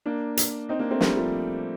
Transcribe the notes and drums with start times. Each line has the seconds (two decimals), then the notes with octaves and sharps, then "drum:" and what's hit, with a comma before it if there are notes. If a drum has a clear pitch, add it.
0.06 A#3 D4
0.37 drum: hi-hat
0.69 C4 D#4
0.79 A#3 D4
0.91 A3 C4
1.01 G3 A#3, drum: snare
1.17 F3 A3